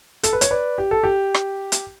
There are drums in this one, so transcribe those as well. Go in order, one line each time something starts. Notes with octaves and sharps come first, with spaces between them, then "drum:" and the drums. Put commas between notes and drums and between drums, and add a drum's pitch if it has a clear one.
A4, drum: hi-hat
B4
C#5, drum: hi-hat
B4 D5
G4
A4
G4
drum: rim click
drum: hi-hat